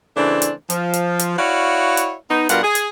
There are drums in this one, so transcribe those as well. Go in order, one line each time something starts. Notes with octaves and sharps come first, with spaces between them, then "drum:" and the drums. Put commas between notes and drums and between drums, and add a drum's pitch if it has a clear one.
C#3 E3 A3 C4 D4
drum: hi-hat
F3, drum: hi-hat
drum: hi-hat
drum: hi-hat
E4 F#4 C#5 D5 F5
drum: hi-hat
B3 D#4
B2 G3 D4 F4 A#4 F#5, drum: hi-hat
G#4
drum: hi-hat